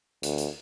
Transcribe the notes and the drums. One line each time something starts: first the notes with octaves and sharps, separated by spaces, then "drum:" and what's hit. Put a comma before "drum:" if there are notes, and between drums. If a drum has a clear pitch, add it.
D2, drum: hi-hat
drum: hi-hat